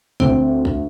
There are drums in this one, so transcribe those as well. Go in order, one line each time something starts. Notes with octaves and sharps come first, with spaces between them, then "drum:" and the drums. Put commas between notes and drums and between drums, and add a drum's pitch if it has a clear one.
D2 C4, drum: kick
drum: kick